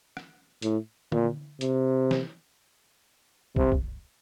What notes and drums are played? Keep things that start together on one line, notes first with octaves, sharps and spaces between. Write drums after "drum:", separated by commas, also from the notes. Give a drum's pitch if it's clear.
drum: rim click
A2, drum: hi-hat
A#2, drum: tom D3
C3, drum: hi-hat
drum: snare
C3, drum: kick
drum: kick